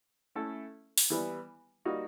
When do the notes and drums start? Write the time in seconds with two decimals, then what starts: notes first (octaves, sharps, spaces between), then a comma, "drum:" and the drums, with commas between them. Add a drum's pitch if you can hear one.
0.35 A3 C#4 E4 A4
0.98 drum: open hi-hat
1.10 E3 G3 B3
1.85 G3 A#3 D#4 F#4